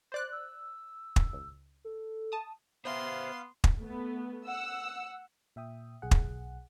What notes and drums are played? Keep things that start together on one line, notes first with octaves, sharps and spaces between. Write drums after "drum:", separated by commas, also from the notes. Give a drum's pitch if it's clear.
C5 D5 F#6
E6
drum: kick
C#2
A4
A5 D#6
B3 C5 E5 F5 C6
drum: kick
A3 B3
F#5 E6
A#2 E5 G5 D#6
B1 G#4 F#5
drum: kick